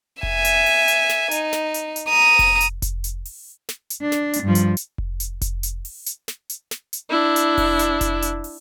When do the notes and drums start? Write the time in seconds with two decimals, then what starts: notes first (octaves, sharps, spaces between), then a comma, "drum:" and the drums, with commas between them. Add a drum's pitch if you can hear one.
0.23 E5 G#5, drum: kick F1
0.45 drum: hi-hat
0.66 drum: open hi-hat
0.88 drum: hi-hat
1.09 drum: snare
1.31 D#4, drum: hi-hat
1.53 drum: snare
1.74 drum: hi-hat
1.96 drum: hi-hat
2.09 A#5 D#6
2.39 drum: kick F1, open hi-hat
2.61 drum: hi-hat
2.82 drum: kick F1, hi-hat
3.04 drum: hi-hat
3.25 drum: open hi-hat
3.69 drum: snare
3.90 drum: hi-hat
4.02 D4
4.12 drum: snare
4.33 drum: hi-hat
4.43 G2 F3
4.55 drum: hi-hat
4.77 drum: hi-hat
4.98 drum: kick F1
5.20 drum: hi-hat
5.41 drum: kick F1, hi-hat
5.63 drum: hi-hat
5.85 drum: open hi-hat
6.06 drum: hi-hat
6.28 drum: snare
6.50 drum: hi-hat
6.71 drum: snare
6.93 drum: hi-hat
7.10 D4 E4
7.36 drum: hi-hat
7.58 drum: kick F1, open hi-hat
7.79 drum: hi-hat
8.01 drum: kick F1, hi-hat
8.22 drum: hi-hat
8.44 drum: open hi-hat